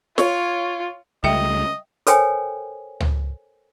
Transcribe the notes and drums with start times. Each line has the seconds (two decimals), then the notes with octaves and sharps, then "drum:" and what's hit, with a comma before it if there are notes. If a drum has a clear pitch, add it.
0.18 F4 C#5, drum: snare
1.24 C#2 G3 A3 D#5 E5 G5
2.07 A4 A#4 C5 C#5 G5 G#5, drum: hi-hat
3.00 drum: tom C#2